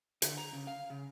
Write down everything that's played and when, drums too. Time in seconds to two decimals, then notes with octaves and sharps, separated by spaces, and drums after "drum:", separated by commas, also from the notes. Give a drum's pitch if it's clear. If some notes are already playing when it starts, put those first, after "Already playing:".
0.22 D3, drum: hi-hat
0.38 A#5
0.53 C#3
0.67 F5
0.90 C#3